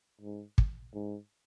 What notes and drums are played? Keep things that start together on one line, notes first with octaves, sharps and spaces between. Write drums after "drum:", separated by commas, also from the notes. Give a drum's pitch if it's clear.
G#2
drum: kick
G#2